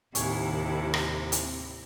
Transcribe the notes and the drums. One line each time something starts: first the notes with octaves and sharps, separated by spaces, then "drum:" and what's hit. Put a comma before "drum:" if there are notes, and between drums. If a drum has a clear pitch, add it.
D#2 A2 C3 D#3 E4 G#5 G#6, drum: hi-hat
drum: rim click
drum: hi-hat